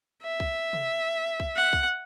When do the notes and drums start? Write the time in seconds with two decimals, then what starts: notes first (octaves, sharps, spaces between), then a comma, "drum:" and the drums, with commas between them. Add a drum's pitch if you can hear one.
0.23 E5
0.40 drum: kick C2
0.73 drum: tom
1.40 drum: kick C2
1.56 F#5
1.73 drum: kick C2